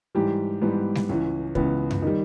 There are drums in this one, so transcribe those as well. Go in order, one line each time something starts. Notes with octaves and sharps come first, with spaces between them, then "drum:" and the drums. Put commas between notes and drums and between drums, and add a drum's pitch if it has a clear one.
G#2 E3 G3 G4
G#2 E3 G3 B3
drum: snare
C#2 C#3 E3 C#4
C#2 C#3 E3 B3, drum: kick
drum: tom F#2
D#3 G3 D#4